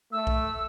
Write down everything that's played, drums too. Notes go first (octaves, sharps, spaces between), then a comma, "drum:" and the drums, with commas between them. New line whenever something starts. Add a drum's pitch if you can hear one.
A3 E6
drum: kick B1